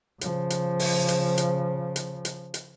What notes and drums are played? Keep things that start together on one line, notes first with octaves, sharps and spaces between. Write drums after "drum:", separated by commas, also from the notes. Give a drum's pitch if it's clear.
C#3 F3, drum: hi-hat
drum: hi-hat
drum: open hi-hat
drum: hi-hat
drum: hi-hat
drum: hi-hat
drum: hi-hat
drum: hi-hat